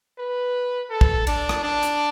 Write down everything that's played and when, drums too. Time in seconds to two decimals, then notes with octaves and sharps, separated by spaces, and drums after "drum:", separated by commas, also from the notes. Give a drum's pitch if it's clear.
0.18 B4
0.90 A4
1.01 drum: kick
1.27 D4, drum: cymbal
1.49 drum: rim click
1.63 D4
1.83 drum: hi-hat